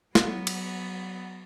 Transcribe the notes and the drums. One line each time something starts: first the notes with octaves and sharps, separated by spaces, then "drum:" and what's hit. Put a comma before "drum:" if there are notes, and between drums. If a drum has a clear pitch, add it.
F#3 B3, drum: snare
drum: cymbal